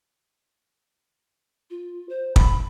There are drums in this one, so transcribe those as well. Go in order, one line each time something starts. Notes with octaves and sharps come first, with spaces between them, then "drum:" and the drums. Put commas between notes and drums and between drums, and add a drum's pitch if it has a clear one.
F4
C5
B5, drum: kick